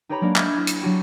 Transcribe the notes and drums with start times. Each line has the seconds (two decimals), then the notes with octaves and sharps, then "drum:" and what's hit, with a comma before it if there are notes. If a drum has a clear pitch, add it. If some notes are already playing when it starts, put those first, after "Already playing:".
0.09 D#4 G4 B4 C#5 A#5 B5
0.21 F#3 G#3 A#3 D4 D5
0.36 D#5 E5 B5 F6 G6 G#6, drum: clap
0.58 E4
0.67 drum: hi-hat
0.81 F#3 D4 F#4 G4